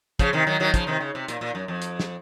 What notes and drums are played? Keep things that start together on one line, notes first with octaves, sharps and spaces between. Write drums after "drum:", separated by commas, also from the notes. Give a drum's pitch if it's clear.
C#3 F3, drum: kick, hi-hat
C3 D#3
D#3 F#3
D#3 F#3
C#3 F3, drum: kick, hi-hat
C3 D#3
C#3
C3
A#2, drum: hi-hat
A#2
F#2
F2
drum: hi-hat
drum: snare